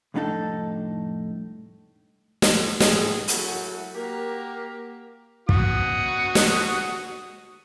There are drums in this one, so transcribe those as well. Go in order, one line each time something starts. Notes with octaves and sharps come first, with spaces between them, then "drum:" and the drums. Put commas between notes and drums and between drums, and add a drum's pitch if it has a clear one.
C2 F2 A2 D4 D#4 A4
drum: snare
A2 G#4, drum: snare
F#3 A3 E4 F#4 G#4 A#4, drum: hi-hat
A#3 F#4 G4 A#4
F#4 D#6, drum: kick
drum: snare